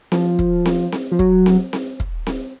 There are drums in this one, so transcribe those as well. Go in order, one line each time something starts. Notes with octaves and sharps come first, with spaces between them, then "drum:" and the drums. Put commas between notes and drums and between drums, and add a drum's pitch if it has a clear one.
F3, drum: snare C4
drum: kick
drum: snare C4
drum: snare C4
F3
F#3, drum: kick
drum: snare C4
drum: snare C4
drum: kick
drum: snare C4